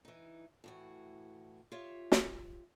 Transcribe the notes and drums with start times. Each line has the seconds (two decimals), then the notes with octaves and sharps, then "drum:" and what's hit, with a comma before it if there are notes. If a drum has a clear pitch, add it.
0.05 E3 D#4
0.64 A2 E3 F#4
1.72 F4 G4 C#5 E5
2.12 drum: snare